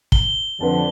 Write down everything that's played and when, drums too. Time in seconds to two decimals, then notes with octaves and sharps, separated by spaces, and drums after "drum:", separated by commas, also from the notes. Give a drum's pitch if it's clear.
0.12 G7, drum: kick
0.61 F2 D3 B4 A5